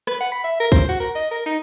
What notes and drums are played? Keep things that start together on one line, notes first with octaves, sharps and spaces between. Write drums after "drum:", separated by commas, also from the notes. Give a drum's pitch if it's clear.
B4, drum: rim click
F#5
B5
E5
A#4
C5, drum: kick
F#4
A#4
D#5
A#4
D#4